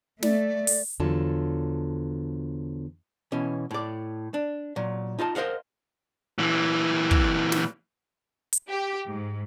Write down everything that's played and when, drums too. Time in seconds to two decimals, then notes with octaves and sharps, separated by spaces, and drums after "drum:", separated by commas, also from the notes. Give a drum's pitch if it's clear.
0.23 A3 D5, drum: snare
0.67 drum: open hi-hat
1.00 E2 D3 F3 F#3 A4 A5
3.32 B2 E3 C#4
3.71 A2 D5
4.34 D4
4.76 A#2 F#3
5.19 D#4 F4 D#5 A5
5.35 A#4 C5 D#5 F5 F#5
6.38 A#2 E3
7.11 drum: kick
7.52 drum: snare
8.53 drum: hi-hat
8.69 G4
9.09 G#2